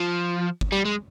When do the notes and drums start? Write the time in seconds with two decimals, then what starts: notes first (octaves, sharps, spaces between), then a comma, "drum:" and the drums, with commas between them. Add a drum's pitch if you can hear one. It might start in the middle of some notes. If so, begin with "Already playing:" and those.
Already playing: F3
0.61 drum: kick
0.72 G3
0.85 G#3